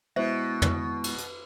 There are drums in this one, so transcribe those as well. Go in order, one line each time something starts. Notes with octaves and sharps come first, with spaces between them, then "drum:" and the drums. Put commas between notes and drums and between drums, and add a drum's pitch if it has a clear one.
B2 G#3 B3 E4 C5 E5
drum: tom
drum: cymbal
drum: hi-hat